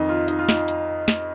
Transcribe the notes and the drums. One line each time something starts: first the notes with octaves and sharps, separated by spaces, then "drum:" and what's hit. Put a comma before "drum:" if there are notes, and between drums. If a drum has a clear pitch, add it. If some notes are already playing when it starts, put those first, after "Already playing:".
Already playing: F2 D#3 D#4
F4
D#4, drum: hi-hat
F4
D#4, drum: snare
drum: hi-hat
drum: snare